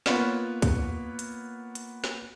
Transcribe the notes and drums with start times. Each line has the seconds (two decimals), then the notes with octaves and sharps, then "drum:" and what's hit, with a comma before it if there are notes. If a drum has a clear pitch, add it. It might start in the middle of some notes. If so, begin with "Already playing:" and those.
0.06 A#3 B3 F4 B4 C#5 F#5, drum: snare
0.62 drum: kick, hi-hat
1.19 drum: hi-hat
1.75 drum: hi-hat
2.04 drum: snare